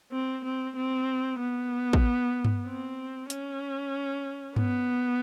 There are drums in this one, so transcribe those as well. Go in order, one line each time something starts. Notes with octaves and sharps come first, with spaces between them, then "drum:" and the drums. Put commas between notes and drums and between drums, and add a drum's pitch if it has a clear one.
C4
C4
C4
B3
drum: kick
drum: tom G2
C4
C#4, drum: hi-hat
B3, drum: tom G2